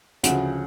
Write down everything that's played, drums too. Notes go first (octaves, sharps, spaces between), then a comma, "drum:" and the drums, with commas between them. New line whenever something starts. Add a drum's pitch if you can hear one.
D2 C#3 F3 F#5, drum: hi-hat